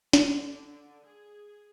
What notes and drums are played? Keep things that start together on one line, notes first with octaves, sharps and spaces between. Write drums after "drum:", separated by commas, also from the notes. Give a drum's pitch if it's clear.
D3, drum: snare
G#4